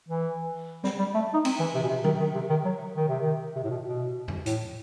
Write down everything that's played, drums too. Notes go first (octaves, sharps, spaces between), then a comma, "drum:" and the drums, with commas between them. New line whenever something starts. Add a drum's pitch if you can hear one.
E3
G3, drum: snare
G3
A3
D#4
C4, drum: cymbal
E3
C3
B2
C3
D#3, drum: tom F#3
D#3
C3
D#3
F#3
D#3
C3
D#3
C3
A2
B2
B2
drum: tom E2
A2, drum: hi-hat